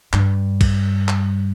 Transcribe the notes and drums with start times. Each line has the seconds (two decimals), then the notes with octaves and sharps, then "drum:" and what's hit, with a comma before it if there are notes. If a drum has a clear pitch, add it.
0.13 G2, drum: clap
0.61 drum: kick, cymbal
1.08 drum: clap